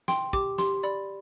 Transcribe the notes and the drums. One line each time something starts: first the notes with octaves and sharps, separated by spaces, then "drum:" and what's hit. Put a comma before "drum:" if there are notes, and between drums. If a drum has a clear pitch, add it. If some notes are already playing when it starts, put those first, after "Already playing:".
G5 C6, drum: snare
G4 D6, drum: kick
G4 C6, drum: snare
D5 B5